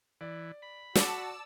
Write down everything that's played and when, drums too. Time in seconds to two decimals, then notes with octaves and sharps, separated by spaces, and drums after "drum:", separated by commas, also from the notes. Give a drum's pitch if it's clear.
0.21 E3 D5
0.62 B5
0.95 F#4 D5 A5 D6 E6 A6 C#7, drum: snare